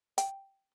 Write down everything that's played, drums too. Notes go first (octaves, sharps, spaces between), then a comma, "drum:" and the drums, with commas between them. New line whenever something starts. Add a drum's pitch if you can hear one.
G5, drum: hi-hat